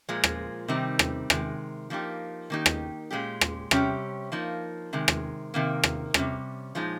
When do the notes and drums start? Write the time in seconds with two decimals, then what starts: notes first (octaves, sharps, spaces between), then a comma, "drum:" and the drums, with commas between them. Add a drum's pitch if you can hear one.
0.09 A#2 F3 G#3
0.24 drum: rim click
0.68 C3 D#3 G3 C4 D#4
0.99 drum: rim click
1.30 C3 D#3 G#3, drum: rim click
1.90 F3 A#3 D#4 G4
2.50 D#3 A#3 D#4 G4
2.66 drum: rim click
3.11 A#2 G#3 C#4 G4
3.41 drum: rim click
3.71 C3 G3 C#4 G4, drum: rim click
4.32 F3 A#3 D#4
4.93 C3 D#3 G#3
5.08 drum: rim click
5.54 C3 D#3 A#3
5.84 drum: rim click
6.14 C3 G3 C#4, drum: rim click
6.75 A#2 F3 G#3 D#4